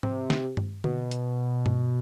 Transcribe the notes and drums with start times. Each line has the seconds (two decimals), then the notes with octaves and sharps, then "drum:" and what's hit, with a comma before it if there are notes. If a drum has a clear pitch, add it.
0.03 C3, drum: tom G#2
0.30 drum: snare
0.57 drum: tom G2
0.84 B2, drum: tom D3
1.11 drum: hi-hat
1.66 drum: tom G2